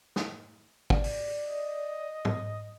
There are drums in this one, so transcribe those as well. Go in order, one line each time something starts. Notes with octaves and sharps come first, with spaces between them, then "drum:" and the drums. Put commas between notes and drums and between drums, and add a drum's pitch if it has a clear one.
drum: snare
D5, drum: kick
drum: open hi-hat
D#5
drum: tom